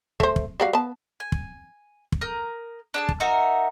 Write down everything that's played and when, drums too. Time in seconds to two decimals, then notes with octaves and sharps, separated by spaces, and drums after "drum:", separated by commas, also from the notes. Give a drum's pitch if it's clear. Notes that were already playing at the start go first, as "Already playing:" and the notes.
0.20 A3 C5, drum: kick
0.36 drum: kick
0.60 G3 F#4 F5
0.73 B3 A5
1.20 G#5
1.32 drum: kick
2.12 drum: kick
2.21 A#4 D#6 G6
2.94 D4 G#4 A5
3.09 drum: kick
3.20 D#4 F#4 A#4 E5